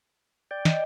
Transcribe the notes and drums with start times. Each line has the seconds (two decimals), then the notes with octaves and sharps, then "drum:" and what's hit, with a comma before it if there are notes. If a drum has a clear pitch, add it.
0.51 D5 G5
0.65 D#5, drum: snare